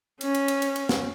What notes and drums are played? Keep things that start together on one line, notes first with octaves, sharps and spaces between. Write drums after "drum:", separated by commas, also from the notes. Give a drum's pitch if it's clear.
C#4, drum: cymbal
drum: cymbal
drum: cymbal
drum: cymbal
drum: cymbal
drum: snare